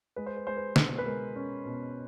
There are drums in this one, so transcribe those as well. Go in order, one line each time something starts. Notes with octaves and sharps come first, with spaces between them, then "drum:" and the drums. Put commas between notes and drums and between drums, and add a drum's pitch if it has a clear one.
G#3 B4
C5
B4
G#3 C5
B4
B2, drum: snare
B4
G#3 A#4
C#4
B2